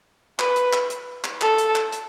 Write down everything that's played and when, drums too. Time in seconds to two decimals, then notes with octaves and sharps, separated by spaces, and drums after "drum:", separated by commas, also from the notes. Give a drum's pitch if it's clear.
0.39 B4, drum: clap
0.56 drum: hi-hat
0.73 drum: clap
0.90 drum: hi-hat
1.24 drum: clap
1.41 A4, drum: clap
1.58 drum: hi-hat
1.75 drum: clap
1.92 drum: hi-hat